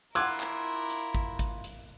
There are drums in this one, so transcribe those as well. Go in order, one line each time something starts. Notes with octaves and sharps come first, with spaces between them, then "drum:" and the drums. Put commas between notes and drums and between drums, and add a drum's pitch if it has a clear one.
E4 F4 A#4 F#5 D6 E6 F#6 G#6, drum: hi-hat
drum: clap
drum: hi-hat
drum: kick G#1
drum: kick G#1, hi-hat
drum: hi-hat